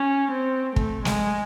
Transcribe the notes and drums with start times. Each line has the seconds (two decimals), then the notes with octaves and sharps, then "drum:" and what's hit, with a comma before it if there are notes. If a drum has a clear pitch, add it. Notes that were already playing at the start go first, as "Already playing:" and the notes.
Already playing: C#4
0.32 C4
0.76 A3, drum: kick
1.05 G#3, drum: snare